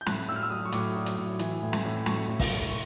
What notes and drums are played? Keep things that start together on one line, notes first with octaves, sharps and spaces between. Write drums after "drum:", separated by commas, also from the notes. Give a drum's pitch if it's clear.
G6
A2 F#6, drum: snare
A2 E6
F6
E6
F#3 D#6
C#6
A2 D6, drum: hi-hat
F#3
drum: hi-hat
A2
E3, drum: hi-hat
A2
drum: snare
A2
A2 C#6, drum: snare
A2
drum: kick, open hi-hat
A2
C#6